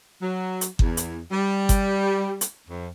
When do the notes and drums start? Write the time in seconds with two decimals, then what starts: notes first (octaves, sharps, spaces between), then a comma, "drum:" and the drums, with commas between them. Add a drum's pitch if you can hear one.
0.21 F#3
0.61 drum: hi-hat
0.79 E2, drum: kick G1
0.97 drum: hi-hat
1.31 G3
1.69 drum: kick G1, hi-hat
2.41 drum: hi-hat
2.68 F2